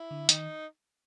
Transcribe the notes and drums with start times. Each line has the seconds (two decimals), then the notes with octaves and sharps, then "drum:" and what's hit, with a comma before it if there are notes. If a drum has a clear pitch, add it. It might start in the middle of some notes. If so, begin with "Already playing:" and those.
Already playing: E4
0.11 D3
0.29 D#3 D#4, drum: hi-hat